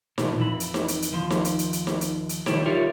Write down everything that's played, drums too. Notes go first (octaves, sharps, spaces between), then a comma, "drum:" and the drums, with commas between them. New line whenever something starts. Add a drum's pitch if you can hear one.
A#2 E3 F3, drum: snare D#4
F2 E3 B5
drum: hi-hat
drum: snare D#4
drum: hi-hat
drum: hi-hat
D#2 F3 C6
drum: snare D#4
drum: hi-hat
drum: hi-hat
drum: hi-hat
drum: snare D#4
drum: hi-hat
drum: hi-hat
D#3 F3 G3 E4 G4 C#5, drum: snare D#4
F4 G4 A#4 C#5 D5 E5